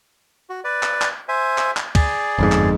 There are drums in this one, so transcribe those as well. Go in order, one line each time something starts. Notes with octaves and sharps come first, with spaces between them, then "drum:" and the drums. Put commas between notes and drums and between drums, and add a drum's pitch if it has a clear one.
F#4
B4 D5
drum: clap
drum: clap
C5 E5 G#5
drum: clap
drum: clap
G#4 D5, drum: kick, cymbal
G1 F2 G#2
drum: clap